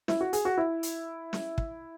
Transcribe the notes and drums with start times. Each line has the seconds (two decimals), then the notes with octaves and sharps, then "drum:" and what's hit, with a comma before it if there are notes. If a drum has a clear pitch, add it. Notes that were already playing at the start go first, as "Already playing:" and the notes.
0.08 E4, drum: snare
0.21 F#4
0.33 G#4, drum: hi-hat
0.45 F#4
0.58 E4
0.83 drum: hi-hat
1.33 drum: snare
1.58 drum: kick